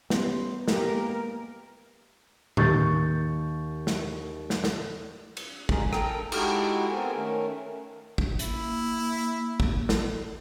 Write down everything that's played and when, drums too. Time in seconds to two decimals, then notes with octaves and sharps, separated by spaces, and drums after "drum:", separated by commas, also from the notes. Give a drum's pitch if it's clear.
0.10 G3 B3 C#4 C6, drum: snare
0.68 G#3 A#3 G4 G#4 A#4, drum: snare
2.57 D#2 C#6 G6 A6, drum: tom A2
3.87 drum: snare
4.50 drum: snare
4.64 drum: snare
5.37 drum: cymbal
5.69 D3 G#3 G#4 A#4, drum: kick
5.93 A4 A#4 G5 A#5, drum: rim click
6.32 G#3 D#4 E4 F#4 G4 A4, drum: cymbal
6.89 B3 C4 G4 A4 A#4 G#5
7.13 D#3 A3 C#4 A#4
8.18 drum: kick
8.39 A#3 E4, drum: hi-hat
9.60 drum: kick
9.89 drum: snare